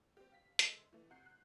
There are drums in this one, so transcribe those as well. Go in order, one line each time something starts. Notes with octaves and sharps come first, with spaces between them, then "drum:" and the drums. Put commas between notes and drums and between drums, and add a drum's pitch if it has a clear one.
C4 G4
F5 B6
G#3 A4 C5 E5, drum: hi-hat
E3 A3
C3 F#5 G6 C7
F#6